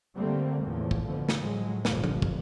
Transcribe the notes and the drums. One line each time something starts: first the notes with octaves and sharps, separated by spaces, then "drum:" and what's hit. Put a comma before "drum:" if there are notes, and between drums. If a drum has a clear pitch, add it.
D3 G3 A3 A#3 C4
E2 A2 F3
drum: kick
B2 D3 F3
drum: snare
A2 F3 F#3 G#3
F1 A#1 G2 B2 D3 F3, drum: snare
drum: tom F3
drum: kick